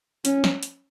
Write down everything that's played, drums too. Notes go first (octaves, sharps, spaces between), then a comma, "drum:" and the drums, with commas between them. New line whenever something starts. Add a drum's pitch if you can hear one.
C#4, drum: hi-hat
drum: snare
drum: hi-hat